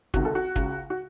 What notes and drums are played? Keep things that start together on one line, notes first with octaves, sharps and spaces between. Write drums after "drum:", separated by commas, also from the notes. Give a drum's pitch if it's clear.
C#2 C3 D#3 F#4, drum: kick
A4
F#4
C#2 C#3, drum: kick
F#4